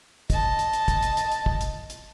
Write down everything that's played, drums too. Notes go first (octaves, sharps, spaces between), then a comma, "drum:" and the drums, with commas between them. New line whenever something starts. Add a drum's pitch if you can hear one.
D#5 A5, drum: kick, hi-hat
drum: hi-hat
drum: hi-hat
drum: kick, hi-hat
drum: hi-hat
drum: hi-hat
drum: hi-hat
drum: kick
drum: hi-hat
drum: hi-hat